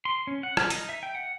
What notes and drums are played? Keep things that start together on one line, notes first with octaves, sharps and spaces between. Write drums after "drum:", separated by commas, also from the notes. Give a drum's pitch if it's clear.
C6
C#4
F#5
F6, drum: rim click
D#4, drum: hi-hat
E5
G5
F#5